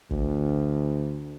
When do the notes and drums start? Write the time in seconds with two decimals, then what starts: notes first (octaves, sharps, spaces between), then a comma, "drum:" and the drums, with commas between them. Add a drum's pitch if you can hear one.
0.11 D2, drum: kick